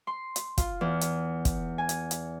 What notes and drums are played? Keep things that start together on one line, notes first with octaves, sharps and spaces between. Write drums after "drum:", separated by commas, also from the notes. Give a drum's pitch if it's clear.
C6
drum: hi-hat
F4, drum: kick, hi-hat
E2
drum: hi-hat
drum: kick, hi-hat
G#5
drum: hi-hat
drum: hi-hat